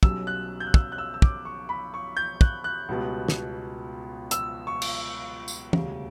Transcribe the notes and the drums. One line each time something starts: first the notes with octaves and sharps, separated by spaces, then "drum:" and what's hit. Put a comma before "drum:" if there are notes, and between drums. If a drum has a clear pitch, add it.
B1 B2 G3 C#4 E6, drum: kick
F#6
G6
F#6
E6, drum: kick
F#6
E6
E6
D6, drum: kick
C#6
B5
C#6
G6
F#6, drum: kick
F#6
C#2 B2 G3 B3
drum: snare
E6, drum: hi-hat
C#6
drum: cymbal
drum: tambourine
E1 D2 C#3 G3, drum: tom